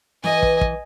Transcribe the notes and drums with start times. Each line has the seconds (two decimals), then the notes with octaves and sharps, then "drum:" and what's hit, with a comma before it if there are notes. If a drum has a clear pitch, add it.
0.24 E3 B4 D#5 G#5, drum: snare
0.43 drum: kick
0.61 drum: kick